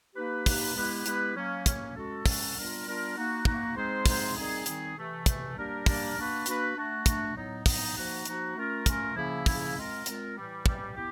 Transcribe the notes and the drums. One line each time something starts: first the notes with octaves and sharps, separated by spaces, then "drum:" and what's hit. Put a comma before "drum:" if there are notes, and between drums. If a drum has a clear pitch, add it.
A#3 D#4 G4 B4
A#3 D#4 G4 B4, drum: kick, open hi-hat
G#3 B3 E4 G4 B4
G#3 B3 E4 G4 B4, drum: hi-hat
F#3 A#3 C#4
F#3 A#3 C#4, drum: kick, hi-hat
G#3 C#4 F#4 A4
G#3 C#4 F#4 A4, drum: kick, open hi-hat
G3 B3 D4 F4 A#4
G3 B3 D4 F4 A#4
A#3 D#4 F#4
A#3 D#4 F#4, drum: kick
G#3 C4 D#4 G#4 C5
G#3 C4 D#4 G#4 C5, drum: kick, open hi-hat
D#3 G3 C4 D#4 G#4
D#3 G3 C4 D#4 G#4, drum: hi-hat
C3 E3 A3
C3 E3 A3, drum: kick, hi-hat
G3 A#3 D4 G4 A#4
G3 A#3 D4 G4 A#4, drum: kick, open hi-hat
A#3 D4 F#4 B4
A#3 D4 F#4 B4, drum: hi-hat
A3 D4 F#4
A3 D4 F#4, drum: kick, hi-hat
A2 F#3 B3 D#4
A2 F#3 B3 D#4, drum: kick, open hi-hat
F3 A#3 D#4 F#4
F3 A#3 D#4 F#4, drum: hi-hat
A3 C#4 F4 A#4
A3 C#4 F4 A#4, drum: kick, hi-hat
C#3 F3 A#3 C#4 E4
C#3 F3 A#3 C#4 E4, drum: kick, open hi-hat
G#3 C4 F4 A#4
G#3 C4 F4 A#4, drum: hi-hat
A2 E3 G3
A2 E3 G3, drum: kick
B3 E4 G4